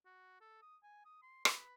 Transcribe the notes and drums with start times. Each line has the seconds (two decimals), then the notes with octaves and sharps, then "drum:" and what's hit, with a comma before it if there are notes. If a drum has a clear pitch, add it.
0.05 F#4
0.41 A4
0.62 D#6
0.83 G#5
1.05 D#6
1.22 C6
1.45 B4, drum: rim click